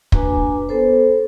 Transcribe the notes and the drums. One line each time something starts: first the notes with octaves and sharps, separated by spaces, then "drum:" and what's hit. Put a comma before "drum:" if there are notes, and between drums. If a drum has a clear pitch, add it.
A#3 D4 F#4 B4 G#5 D6, drum: kick
B3 A4 C5